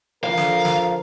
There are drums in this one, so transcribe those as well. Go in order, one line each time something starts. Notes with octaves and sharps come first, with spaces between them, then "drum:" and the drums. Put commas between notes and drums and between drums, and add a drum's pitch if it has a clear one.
D3 F3 A#4 F5
drum: snare
drum: snare